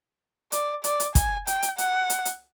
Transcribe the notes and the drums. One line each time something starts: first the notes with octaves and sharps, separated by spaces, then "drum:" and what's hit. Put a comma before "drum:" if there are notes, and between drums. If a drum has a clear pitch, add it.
D5, drum: hi-hat
D5, drum: hi-hat
drum: hi-hat
G#5, drum: kick, hi-hat
G5, drum: hi-hat
drum: hi-hat
F#5, drum: hi-hat
drum: hi-hat
drum: hi-hat